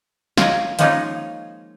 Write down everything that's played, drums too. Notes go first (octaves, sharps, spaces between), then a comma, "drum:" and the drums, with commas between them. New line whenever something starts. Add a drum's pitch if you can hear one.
F4 A#4 C#5 D#5, drum: snare
F3 G#3 A#3 C#4 D#4 F4, drum: hi-hat